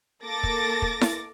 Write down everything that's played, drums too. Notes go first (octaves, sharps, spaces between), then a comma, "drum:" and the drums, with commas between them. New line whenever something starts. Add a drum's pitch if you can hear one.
A#3 A4 D6 A6 A#6
drum: kick
drum: kick
drum: snare E4